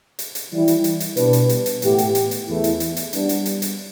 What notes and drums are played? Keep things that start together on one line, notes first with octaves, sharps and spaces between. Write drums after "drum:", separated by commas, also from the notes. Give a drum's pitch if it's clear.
drum: hi-hat
drum: hi-hat
E3 G3 E4
drum: hi-hat
drum: hi-hat
drum: hi-hat
B2 G3 D4 B4, drum: hi-hat
drum: hi-hat
drum: hi-hat
drum: hi-hat
A2 E3 B3 G4, drum: hi-hat
drum: hi-hat
drum: hi-hat
drum: hi-hat
E2 E3 A3 E4
drum: hi-hat
drum: hi-hat
drum: hi-hat
G3 B3 D4, drum: hi-hat
drum: hi-hat
drum: hi-hat
drum: hi-hat